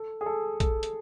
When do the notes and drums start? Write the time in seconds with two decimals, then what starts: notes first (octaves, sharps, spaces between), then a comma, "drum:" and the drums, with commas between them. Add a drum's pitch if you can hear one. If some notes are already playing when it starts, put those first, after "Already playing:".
Already playing: A4
0.21 G#4
0.26 A4
0.60 A4, drum: kick A#1, hi-hat
0.83 drum: hi-hat